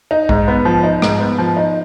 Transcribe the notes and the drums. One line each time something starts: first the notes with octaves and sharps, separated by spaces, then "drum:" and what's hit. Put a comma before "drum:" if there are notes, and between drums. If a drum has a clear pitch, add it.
D#4
G#2, drum: kick B1
B3
F3
D#4
G#2, drum: rim click
B3
F3
D#4